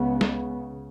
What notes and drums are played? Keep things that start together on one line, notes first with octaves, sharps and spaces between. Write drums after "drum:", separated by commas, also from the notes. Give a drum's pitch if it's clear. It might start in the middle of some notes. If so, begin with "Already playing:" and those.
Already playing: C#2 C#3 B3
drum: snare